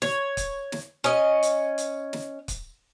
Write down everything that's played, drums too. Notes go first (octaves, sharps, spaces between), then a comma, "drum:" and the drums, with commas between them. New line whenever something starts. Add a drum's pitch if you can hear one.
C#5, drum: snare
drum: kick, hi-hat
drum: snare
C#4 D#5
drum: hi-hat
drum: hi-hat
drum: snare
drum: kick, hi-hat